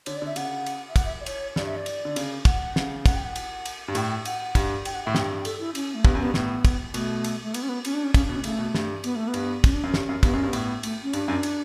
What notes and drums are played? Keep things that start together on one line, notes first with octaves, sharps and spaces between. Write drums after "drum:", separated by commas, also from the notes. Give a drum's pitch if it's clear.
D3 C#5, drum: cymbal
D5
D3
E5
C#3 F#5, drum: cymbal
drum: cymbal
E5
F#5, drum: kick, cymbal
E5
D5
C#5, drum: cymbal
G2 D5, drum: snare
E5
D5
drum: cymbal
D3
C#3, drum: cymbal
F#5, drum: kick, cymbal
C#3, drum: snare
F#5, drum: kick, cymbal
G5
F#5
drum: cymbal
drum: cymbal
G2
A2 G5, drum: cymbal
F#5, drum: cymbal
G2, drum: kick, cymbal
G5, drum: cymbal
F#5
A2 E5
G2 G5, drum: snare
A4, drum: cymbal
E4
C#4, drum: cymbal
A3
G2 B3, drum: kick
F#2
G2 B3
A2 B3, drum: snare
drum: kick, cymbal
B2 A3, drum: cymbal
drum: cymbal
A3
B3, drum: cymbal
C#4
B3
C#4, drum: cymbal
D4
C#4
C#3 C#4, drum: kick, cymbal
D4
B2
C#4
C#3 A3, drum: cymbal
B2
G2, drum: snare
B3, drum: cymbal
A3
B3
G2, drum: cymbal
C#4, drum: kick, cymbal
D4
F#2 C#4
G2, drum: snare
F#2
G2 B3, drum: kick, cymbal
F#2 C#4
G2
B3
A2, drum: cymbal
A3, drum: cymbal
C#4
G2 D4, drum: cymbal
F#2
drum: cymbal